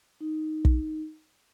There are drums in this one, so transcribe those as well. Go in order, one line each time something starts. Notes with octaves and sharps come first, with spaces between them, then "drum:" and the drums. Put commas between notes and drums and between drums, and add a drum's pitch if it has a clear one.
D#4
drum: kick